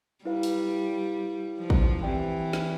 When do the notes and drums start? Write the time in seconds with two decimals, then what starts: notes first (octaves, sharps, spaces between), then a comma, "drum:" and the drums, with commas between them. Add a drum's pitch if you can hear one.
0.25 G3 E4 B4 F5
0.43 drum: open hi-hat
1.58 F3
1.70 drum: kick
2.03 E3 C4 G4 D5 G5
2.53 drum: snare